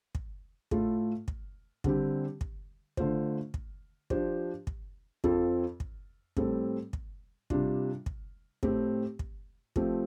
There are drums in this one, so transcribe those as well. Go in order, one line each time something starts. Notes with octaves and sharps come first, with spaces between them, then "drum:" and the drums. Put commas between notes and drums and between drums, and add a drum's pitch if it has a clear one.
drum: kick
A2 A3 F4 A4, drum: kick
drum: kick
D3 G3 C4 G4, drum: kick
drum: kick
D3 A3 F4 C5, drum: kick
drum: kick
F3 D4 G4 C5, drum: kick
drum: kick
F2 F3 C4 F4 A4, drum: kick
drum: kick
A2 G3 C4 A4, drum: kick
drum: kick
C3 G3 D4 F4, drum: kick
drum: kick
A2 A3 C4 G4, drum: kick
drum: kick
F3 A3 C4 G4, drum: kick